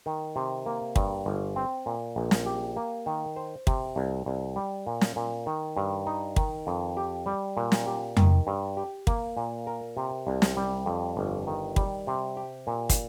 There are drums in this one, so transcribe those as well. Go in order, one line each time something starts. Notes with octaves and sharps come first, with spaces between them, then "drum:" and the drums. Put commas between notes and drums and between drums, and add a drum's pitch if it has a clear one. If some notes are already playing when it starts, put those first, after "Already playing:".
D#3
C3
A#3
G2, drum: kick
G1
C4
A#2
A#1
drum: snare
G4
A#3
D#3
C5
C3, drum: kick
C2
C2
G3
A#2
drum: snare
A#2
D#3
G2
D#4
D#3, drum: kick
F2
G4
G3
A#2
drum: snare
G4
D#3, drum: tom F2
G2
G4
A#3, drum: kick
A#2
A#4
C3
C2
drum: snare
G3
F2
G1
D#3
G3, drum: kick
C3
G4
A#2
drum: kick, hi-hat